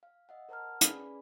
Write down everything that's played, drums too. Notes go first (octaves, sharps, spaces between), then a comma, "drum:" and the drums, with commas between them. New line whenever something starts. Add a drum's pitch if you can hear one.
F5
D#5 E5 F#5
A#4 C5 F#5 A5 A#5 F6
C#4 G#4 B4 D5 G#5 B5, drum: hi-hat